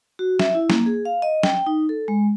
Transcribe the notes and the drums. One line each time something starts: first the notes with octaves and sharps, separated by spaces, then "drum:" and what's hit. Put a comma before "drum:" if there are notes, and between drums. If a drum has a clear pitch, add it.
F#4
E5, drum: snare
E4
A#3, drum: snare
G#4
F5
D#5
G5, drum: snare
D#4
A4
G#3